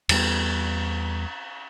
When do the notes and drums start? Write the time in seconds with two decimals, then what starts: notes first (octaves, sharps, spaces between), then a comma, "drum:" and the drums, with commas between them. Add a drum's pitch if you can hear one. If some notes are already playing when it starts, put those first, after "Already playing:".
0.09 E2 G3 B3, drum: cymbal